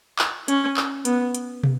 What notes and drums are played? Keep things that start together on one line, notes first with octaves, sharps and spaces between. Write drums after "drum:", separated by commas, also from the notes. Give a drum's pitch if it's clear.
drum: clap
C#4, drum: hi-hat
drum: clap
B3, drum: hi-hat
drum: hi-hat
drum: tom